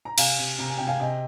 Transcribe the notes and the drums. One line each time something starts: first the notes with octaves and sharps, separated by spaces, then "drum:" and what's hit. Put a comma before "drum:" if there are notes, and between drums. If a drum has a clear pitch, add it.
A#5
C3 F5 G#5, drum: cymbal
C3
C3 A#5
G#5
C3 G5
F5 G#5
C3 D#5 G5